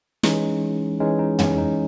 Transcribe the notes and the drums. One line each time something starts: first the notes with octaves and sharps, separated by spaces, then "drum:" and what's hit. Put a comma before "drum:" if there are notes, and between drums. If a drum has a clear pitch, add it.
E3 G#3 C#4 D#4, drum: snare
E3 G#3 C#4 D#4
D#4
C#4, drum: tom
D#4